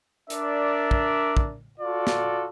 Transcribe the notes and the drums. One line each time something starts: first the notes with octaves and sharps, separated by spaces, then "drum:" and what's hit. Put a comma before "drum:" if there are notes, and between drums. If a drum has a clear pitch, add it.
D4 A#4 D5 E5, drum: hi-hat
drum: kick
drum: kick
F4 F#4 A4 D5
drum: snare